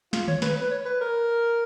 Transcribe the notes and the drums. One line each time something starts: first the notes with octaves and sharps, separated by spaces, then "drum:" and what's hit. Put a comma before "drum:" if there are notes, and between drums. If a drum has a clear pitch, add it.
F4, drum: snare
C#5, drum: tom D3
B4, drum: snare
B4
C#5
B4
A#4